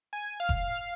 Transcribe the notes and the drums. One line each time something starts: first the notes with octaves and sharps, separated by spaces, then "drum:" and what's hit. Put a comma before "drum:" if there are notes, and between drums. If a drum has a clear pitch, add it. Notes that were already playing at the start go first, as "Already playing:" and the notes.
G#5
F5
drum: kick F1